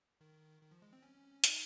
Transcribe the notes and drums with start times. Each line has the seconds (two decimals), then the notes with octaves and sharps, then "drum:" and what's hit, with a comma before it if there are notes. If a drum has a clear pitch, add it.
0.21 D#3
0.62 D#3
0.71 F3
0.82 G#3
0.93 C4
1.02 C#4
1.44 D#4, drum: hi-hat